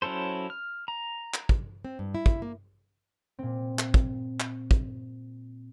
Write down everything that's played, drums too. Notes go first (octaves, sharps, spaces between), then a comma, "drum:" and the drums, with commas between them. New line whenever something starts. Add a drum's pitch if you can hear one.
F#3 C#4 E4 A4 C5
F6
A#5
drum: clap
drum: kick
C4
G2
E4
drum: kick
A#3
A#2 C4
drum: clap
drum: kick
drum: clap
drum: kick